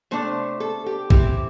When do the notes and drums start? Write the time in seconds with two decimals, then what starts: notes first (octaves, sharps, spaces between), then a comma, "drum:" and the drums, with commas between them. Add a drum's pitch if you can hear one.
0.11 C3 A3 D4 C5
0.60 A4
0.86 G4
1.10 E3 C4 E4 G4, drum: kick